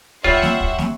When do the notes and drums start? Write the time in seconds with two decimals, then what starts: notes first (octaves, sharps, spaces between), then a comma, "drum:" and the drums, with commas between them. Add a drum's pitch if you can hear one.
0.24 G3 F4 C#5 E5 F#5 C6, drum: kick
0.42 drum: snare
0.60 drum: kick
0.78 drum: snare